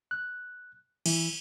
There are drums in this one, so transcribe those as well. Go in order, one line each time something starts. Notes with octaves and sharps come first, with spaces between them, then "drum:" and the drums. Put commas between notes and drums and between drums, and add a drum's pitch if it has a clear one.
F#6
E3, drum: cymbal